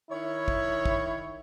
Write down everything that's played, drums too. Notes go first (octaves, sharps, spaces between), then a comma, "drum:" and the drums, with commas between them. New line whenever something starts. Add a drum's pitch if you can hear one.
D#3 E4 C#5
drum: kick
drum: kick